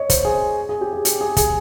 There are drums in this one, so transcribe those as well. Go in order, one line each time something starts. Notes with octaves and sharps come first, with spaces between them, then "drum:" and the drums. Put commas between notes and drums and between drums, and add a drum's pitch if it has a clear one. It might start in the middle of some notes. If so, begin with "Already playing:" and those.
Already playing: C#5 D#5
C5, drum: kick, hi-hat
G#4
G#4
G4
G#4
G4, drum: hi-hat
G#4
G#4, drum: kick, hi-hat